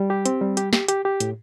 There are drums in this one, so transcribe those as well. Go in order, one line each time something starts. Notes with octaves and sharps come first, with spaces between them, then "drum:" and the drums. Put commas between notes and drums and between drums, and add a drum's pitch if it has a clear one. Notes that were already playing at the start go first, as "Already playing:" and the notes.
Already playing: G3
G4
C4, drum: hi-hat
G3
G4, drum: hi-hat
G4, drum: snare
G4, drum: hi-hat
G4
A2, drum: hi-hat